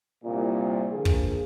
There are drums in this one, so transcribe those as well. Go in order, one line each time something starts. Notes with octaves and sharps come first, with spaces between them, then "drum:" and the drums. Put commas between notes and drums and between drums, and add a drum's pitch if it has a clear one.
C2 A#2
D3 F3 A#3 G#4
drum: kick